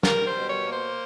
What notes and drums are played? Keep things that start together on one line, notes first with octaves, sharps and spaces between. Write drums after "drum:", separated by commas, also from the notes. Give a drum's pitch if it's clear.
G3 A#4, drum: snare
C5
B2
C#5
A#3
C5